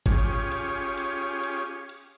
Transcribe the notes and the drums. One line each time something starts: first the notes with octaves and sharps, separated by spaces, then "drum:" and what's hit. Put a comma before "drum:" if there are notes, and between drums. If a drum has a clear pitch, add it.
C#4 F4 G4 G#4 C#5, drum: kick G1, hi-hat
drum: hi-hat
drum: hi-hat
drum: hi-hat
drum: hi-hat